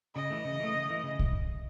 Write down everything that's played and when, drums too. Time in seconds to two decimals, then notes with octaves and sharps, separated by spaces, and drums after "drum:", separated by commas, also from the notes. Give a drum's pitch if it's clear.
0.15 C#3 D#5
0.30 E3 A3
0.45 C#3
0.60 E3 A3
0.75 C#3
0.89 E3 A3
1.04 C#3
1.19 drum: kick